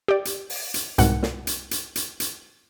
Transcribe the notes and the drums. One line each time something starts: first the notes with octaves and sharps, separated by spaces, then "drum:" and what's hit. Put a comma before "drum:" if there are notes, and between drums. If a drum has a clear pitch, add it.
G4 D5
drum: hi-hat
drum: open hi-hat
drum: hi-hat
C2 G#2 B2 A#4 F#5, drum: hi-hat
drum: snare
drum: hi-hat
drum: hi-hat
drum: hi-hat
drum: hi-hat